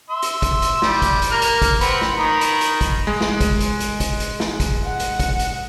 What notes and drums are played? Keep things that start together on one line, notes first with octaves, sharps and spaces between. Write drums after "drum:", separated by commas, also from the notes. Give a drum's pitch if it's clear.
E5 C6
drum: hi-hat
drum: kick, hi-hat
drum: hi-hat
G3, drum: snare
drum: kick, hi-hat
drum: hi-hat
A#3 A#5 F6
drum: hi-hat
drum: kick, hi-hat
C4 B4 F#5, drum: hi-hat
drum: snare
D#3 A#5 B5
drum: hi-hat
drum: hi-hat
drum: kick, hi-hat
G#3
drum: snare
drum: kick, hi-hat
drum: hi-hat
drum: hi-hat
drum: kick, hi-hat
drum: hi-hat
drum: snare
drum: kick, hi-hat
F#5
drum: hi-hat
drum: kick, hi-hat
drum: hi-hat